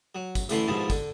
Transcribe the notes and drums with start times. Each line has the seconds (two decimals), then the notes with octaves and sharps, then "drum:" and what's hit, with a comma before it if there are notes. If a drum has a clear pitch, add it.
0.15 F#3
0.35 drum: kick, tambourine
0.49 A1 D3 E3 A3 E4 C6, drum: tambourine
0.68 D#2 G#2 B2 F3 E4 A5
0.90 D3, drum: kick, tambourine